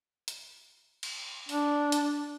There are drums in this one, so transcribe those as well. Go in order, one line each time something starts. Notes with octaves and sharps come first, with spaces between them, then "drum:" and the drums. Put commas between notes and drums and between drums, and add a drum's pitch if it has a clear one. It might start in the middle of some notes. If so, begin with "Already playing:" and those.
drum: hi-hat
drum: cymbal
D4, drum: open hi-hat
drum: hi-hat